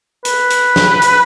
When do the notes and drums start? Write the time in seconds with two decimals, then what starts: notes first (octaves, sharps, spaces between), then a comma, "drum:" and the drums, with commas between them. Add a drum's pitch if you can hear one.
0.25 B4, drum: hi-hat
0.50 drum: hi-hat
0.76 drum: snare
1.02 drum: hi-hat